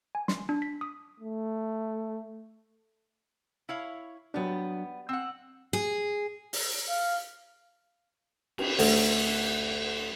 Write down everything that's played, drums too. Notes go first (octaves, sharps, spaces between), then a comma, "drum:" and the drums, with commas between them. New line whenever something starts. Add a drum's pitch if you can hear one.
G#5
C6, drum: snare
D4
B6
D#6
A3
E4 C#5 F5
F#3 G3 B3 D4
C4 F#5 E6
G#4
drum: open hi-hat
F5
drum: cymbal
D2, drum: open hi-hat